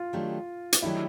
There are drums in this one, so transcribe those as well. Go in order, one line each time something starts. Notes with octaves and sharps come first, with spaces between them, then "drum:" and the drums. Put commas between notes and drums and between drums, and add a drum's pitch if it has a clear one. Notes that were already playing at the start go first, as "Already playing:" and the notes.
Already playing: F4
D#3 F#3 A3 D4 G4
drum: hi-hat
D#3 F#3 A3 D4 E4 G4